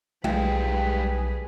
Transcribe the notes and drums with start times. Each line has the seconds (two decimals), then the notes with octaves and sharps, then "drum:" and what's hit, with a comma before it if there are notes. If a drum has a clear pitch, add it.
0.24 B1 G3 G#4 B4 F5 G5, drum: tom G#3